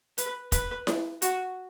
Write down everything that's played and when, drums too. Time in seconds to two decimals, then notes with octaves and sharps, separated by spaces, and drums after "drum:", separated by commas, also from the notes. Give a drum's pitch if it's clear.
0.18 B4, drum: hi-hat
0.52 B4, drum: kick, hi-hat
0.87 drum: snare E4
1.22 F#4, drum: hi-hat